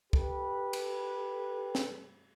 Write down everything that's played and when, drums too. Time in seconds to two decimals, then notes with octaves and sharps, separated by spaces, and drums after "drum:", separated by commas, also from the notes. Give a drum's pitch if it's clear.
0.13 G4 A4 B4, drum: kick
0.73 drum: cymbal
1.75 drum: snare